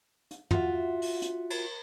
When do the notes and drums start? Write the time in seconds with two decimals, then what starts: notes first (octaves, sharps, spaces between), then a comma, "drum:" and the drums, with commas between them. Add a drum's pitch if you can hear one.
0.31 drum: hi-hat
0.51 F4 F#4 E5, drum: tom
1.02 drum: open hi-hat
1.22 drum: hi-hat
1.50 drum: cymbal